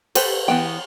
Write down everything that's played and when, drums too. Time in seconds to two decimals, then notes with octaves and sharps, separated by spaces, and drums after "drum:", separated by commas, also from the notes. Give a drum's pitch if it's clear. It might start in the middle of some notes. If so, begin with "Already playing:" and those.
0.15 G4 A4 B4 C5, drum: cymbal
0.48 E3 B3 G5